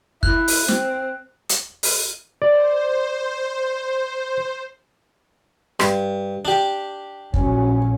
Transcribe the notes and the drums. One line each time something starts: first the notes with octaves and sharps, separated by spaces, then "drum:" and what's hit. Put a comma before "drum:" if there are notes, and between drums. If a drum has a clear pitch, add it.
E4 F#6, drum: kick
drum: open hi-hat
C4, drum: snare
drum: hi-hat
drum: open hi-hat
C5 D5
G2, drum: rim click
D4 G4
A#1 F#3 C#4, drum: kick